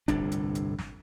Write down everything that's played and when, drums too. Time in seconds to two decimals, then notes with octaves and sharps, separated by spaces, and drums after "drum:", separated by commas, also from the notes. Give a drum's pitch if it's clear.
0.08 G1 C2 A2 D4, drum: kick, hi-hat
0.32 drum: hi-hat
0.55 drum: hi-hat
0.79 drum: snare